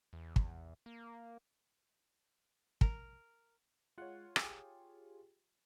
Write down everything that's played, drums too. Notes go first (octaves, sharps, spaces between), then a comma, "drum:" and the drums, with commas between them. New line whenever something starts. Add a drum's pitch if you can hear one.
E2
drum: kick
A#3
A#4, drum: kick
G#3 F4 C#5 F#5
G4 G#4, drum: rim click